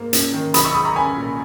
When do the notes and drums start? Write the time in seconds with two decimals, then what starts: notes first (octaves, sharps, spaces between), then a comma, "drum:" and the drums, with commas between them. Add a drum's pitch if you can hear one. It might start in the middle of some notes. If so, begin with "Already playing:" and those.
Already playing: G#2 A#3
0.13 C#4, drum: hi-hat
0.34 D#3
0.54 B1 B5 D#6, drum: hi-hat
0.65 C#6 E6
0.75 G#3 B5 D#6
0.85 A#5 C#6
0.96 C#4 G#5 B5
1.16 A#2